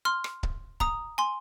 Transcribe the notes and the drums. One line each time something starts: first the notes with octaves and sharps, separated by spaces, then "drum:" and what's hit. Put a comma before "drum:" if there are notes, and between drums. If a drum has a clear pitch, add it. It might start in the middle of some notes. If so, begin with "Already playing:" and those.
C6 F6
drum: rim click
drum: kick C#1
A#5 D#6, drum: kick C#1
G#5 C6